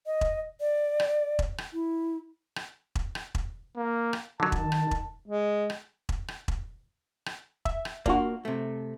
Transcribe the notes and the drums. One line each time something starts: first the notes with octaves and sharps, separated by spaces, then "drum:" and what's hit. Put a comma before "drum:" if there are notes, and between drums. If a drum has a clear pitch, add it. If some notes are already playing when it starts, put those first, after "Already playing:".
D#5
drum: kick E1
D5
drum: rim click
drum: kick E1
drum: rim click
E4
drum: rim click
drum: kick E1
drum: rim click
drum: kick E1
A#3
drum: rim click
D3 D#3 F#3 A5
drum: kick E1
drum: rim click
drum: kick E1
G#3
drum: rim click
drum: kick E1
drum: rim click
drum: kick E1
drum: rim click
E5, drum: kick E1
drum: rim click
A#3 D4 F4 F#4, drum: kick E1
C3 A3